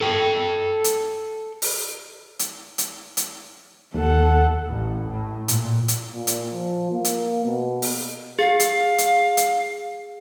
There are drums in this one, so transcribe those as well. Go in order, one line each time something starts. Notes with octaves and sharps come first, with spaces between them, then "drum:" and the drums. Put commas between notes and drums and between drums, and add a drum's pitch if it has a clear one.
A4 G5
drum: hi-hat
drum: open hi-hat
drum: hi-hat
drum: hi-hat
drum: hi-hat
D#2 A4 F#5
A1
A2
A#2, drum: hi-hat
drum: hi-hat
A#2
drum: hi-hat
F3
A#3
drum: hi-hat
B2
drum: open hi-hat
G#4 F5
drum: hi-hat
drum: hi-hat
drum: hi-hat